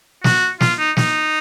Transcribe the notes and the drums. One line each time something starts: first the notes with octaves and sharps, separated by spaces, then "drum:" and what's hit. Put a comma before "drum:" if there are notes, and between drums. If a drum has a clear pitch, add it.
F#4, drum: snare
F4, drum: snare
D#4
D#4, drum: snare